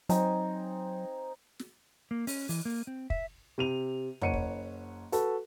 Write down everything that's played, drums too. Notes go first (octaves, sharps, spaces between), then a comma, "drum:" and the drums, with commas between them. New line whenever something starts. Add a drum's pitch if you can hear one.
F#3 C4 D#4 G#5, drum: hi-hat
drum: snare
A#3
C#4, drum: open hi-hat
E3, drum: open hi-hat
A#3
C4
E5, drum: kick
C3 D#7 F7
F#1 C#5 F#5 C#7 D#7, drum: tom E2
drum: kick
F#4 A4 B4, drum: hi-hat